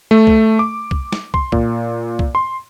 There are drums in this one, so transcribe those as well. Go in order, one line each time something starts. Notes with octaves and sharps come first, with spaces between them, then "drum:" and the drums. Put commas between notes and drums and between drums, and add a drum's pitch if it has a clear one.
A3
drum: kick
D6
drum: kick
drum: snare
C6, drum: kick
A#2, drum: kick
drum: kick
C6